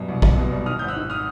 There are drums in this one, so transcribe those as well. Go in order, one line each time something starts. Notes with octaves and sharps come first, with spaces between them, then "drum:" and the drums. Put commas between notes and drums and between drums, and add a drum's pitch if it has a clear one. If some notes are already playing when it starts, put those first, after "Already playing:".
Already playing: F#2 B2 G3
C2
G3, drum: kick
B2
G3
D#3 D#6 F6
G#1 G6
E6 F#6
D#3
D#6 F6